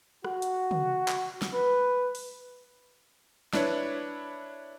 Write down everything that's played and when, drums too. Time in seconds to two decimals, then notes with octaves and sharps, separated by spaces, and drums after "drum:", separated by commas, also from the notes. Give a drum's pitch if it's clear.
0.25 F#4, drum: rim click
0.42 drum: hi-hat
0.71 drum: tom
1.08 drum: clap
1.42 drum: snare
1.53 B4
2.15 drum: open hi-hat
3.53 D4 E4 B4 C#5, drum: snare